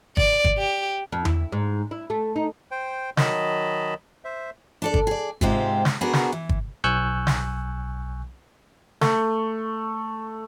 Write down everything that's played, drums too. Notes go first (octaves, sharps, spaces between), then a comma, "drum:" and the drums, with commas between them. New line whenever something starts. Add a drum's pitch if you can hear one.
D5, drum: kick
drum: kick
G4
F2
E4, drum: tom E2
G#2
E4
A3
D#4
C5 G5
D#3 F#3 D#5 A5 B5, drum: snare
C5 E5
D4 A4 D5
drum: kick
G#4 D5
G#2 C3 G#3 C4 F4 G4, drum: kick
drum: snare
B3 D4 F#4 G#4 A#4
drum: snare
E3
drum: kick
B1 G#5 C#6 E6 F#6 G6
drum: snare
A3, drum: snare